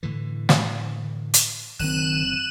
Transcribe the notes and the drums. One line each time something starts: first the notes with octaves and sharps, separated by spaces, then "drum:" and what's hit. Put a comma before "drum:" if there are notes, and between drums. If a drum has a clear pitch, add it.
A2 D3 E3
drum: snare
drum: hi-hat
F#1 D#3 C4 F#6 D#7 E7